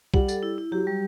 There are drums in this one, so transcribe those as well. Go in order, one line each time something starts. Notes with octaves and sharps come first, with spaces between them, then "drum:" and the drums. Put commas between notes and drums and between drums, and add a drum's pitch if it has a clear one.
G3 F#5, drum: kick B1
A4, drum: tambourine
E4
E4
F#3 G4
G3